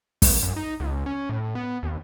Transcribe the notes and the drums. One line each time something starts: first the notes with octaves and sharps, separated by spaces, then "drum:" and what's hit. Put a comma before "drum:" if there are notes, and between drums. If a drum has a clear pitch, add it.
A1, drum: kick, open hi-hat
F#2
D#4
C#2
C#4
A2
B3
D#2